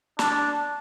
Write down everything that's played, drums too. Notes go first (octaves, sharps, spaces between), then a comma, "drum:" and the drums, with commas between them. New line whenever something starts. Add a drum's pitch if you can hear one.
D4, drum: snare